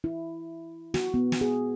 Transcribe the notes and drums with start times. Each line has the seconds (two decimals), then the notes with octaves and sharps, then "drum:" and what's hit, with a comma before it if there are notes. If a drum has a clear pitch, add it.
0.04 E4
0.94 F#4, drum: snare
1.14 B3
1.32 drum: snare
1.41 G#4